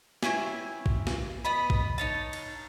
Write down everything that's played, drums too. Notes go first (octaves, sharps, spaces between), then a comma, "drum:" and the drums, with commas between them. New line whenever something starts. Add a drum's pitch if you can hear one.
C4 C#4 E4 G#5, drum: snare
drum: kick A#1
drum: snare
B3 D#5 B5
drum: kick A#1
D#4 C#5 A5
drum: cymbal